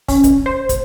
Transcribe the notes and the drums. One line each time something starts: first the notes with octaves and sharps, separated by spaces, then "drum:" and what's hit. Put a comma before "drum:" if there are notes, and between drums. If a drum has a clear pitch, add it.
C#4, drum: kick, open hi-hat
drum: kick, hi-hat
C5
drum: kick, hi-hat